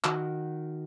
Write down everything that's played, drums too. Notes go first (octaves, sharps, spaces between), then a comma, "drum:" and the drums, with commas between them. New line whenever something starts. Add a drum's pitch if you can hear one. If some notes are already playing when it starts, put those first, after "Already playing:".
D#3 F#4, drum: clap